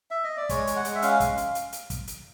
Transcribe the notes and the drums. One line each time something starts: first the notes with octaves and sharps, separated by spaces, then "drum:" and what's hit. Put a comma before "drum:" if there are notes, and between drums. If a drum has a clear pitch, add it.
E5
D#5
D5
G#3 C#5, drum: kick, hi-hat
G#3, drum: hi-hat
F#5
G#3, drum: hi-hat
E5
C#4 F5, drum: hi-hat
G#3, drum: kick, hi-hat
drum: hi-hat
drum: hi-hat
drum: hi-hat
drum: kick, hi-hat
drum: hi-hat